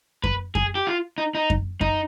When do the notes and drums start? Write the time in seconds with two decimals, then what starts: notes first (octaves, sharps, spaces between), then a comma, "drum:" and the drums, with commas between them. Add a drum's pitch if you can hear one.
0.24 B4, drum: kick F#2
0.55 G#4, drum: kick F#2
0.75 G4
0.87 F4
1.18 D#4
1.35 D#4
1.50 drum: kick F#2
1.81 D#4, drum: kick F#2